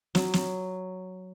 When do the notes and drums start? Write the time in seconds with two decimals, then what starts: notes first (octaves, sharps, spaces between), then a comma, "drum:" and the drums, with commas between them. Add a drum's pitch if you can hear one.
0.15 F#3, drum: snare
0.34 drum: snare